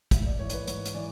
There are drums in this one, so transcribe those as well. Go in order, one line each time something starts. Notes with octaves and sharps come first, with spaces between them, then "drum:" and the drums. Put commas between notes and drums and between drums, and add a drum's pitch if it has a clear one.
G#2 E5, drum: kick, hi-hat
D5
E3 C#5
C#5, drum: hi-hat
B4
G#2 C#5, drum: hi-hat
drum: hi-hat
E3 D5